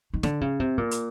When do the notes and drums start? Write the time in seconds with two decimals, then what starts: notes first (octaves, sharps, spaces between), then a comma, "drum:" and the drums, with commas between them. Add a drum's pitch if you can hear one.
0.14 D#3
0.23 D3, drum: snare
0.41 C#3
0.60 C3
0.78 A#2
0.91 drum: hi-hat